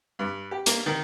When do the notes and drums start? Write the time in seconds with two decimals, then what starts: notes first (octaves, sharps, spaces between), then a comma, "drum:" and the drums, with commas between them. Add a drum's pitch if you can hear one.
0.19 G2
0.51 G4
0.66 A#3, drum: hi-hat
0.86 D#3